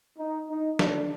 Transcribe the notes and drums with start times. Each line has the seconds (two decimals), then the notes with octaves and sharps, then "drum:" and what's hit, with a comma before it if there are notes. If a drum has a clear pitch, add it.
0.18 D#4
0.49 D#4
0.79 D3 F3 A3 D4, drum: snare